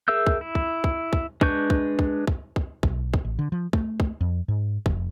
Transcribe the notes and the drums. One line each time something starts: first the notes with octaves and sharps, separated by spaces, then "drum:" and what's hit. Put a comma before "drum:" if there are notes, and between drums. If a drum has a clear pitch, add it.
G#4 A#4 E5 E6 G6
drum: kick
E4
drum: kick
drum: kick
drum: kick
G#3 D4 B4 C#6 G6, drum: kick
drum: kick
drum: kick
drum: kick
drum: kick
B1, drum: kick
drum: kick
A1
D3
F3
A3, drum: kick
drum: kick
F2
G#2
F1, drum: kick